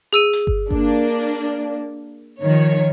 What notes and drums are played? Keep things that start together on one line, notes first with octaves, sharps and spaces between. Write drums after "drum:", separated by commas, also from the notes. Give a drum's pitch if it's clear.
G#4 E6 D#7
drum: hi-hat
drum: kick G1
A#3 D4, drum: kick G1
D#3 F3 C#5